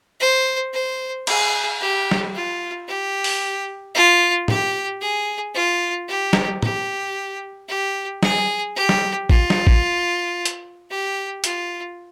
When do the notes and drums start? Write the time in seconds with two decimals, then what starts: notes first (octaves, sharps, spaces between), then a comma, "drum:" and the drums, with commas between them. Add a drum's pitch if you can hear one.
0.20 C5
0.73 C5
1.27 G#4, drum: cymbal
1.81 G4
2.11 drum: snare
2.35 F4
2.88 G4
3.24 drum: open hi-hat
3.95 F4
4.48 G4, drum: tom
5.01 G#4
5.55 F4
6.08 G4
6.33 drum: snare
6.63 G4, drum: tom
7.69 G4
8.23 G#4, drum: snare
8.76 G4
8.89 drum: snare
9.30 F4, drum: kick
9.50 drum: snare
9.67 drum: kick
10.45 drum: hi-hat
10.90 G4
11.44 F4, drum: hi-hat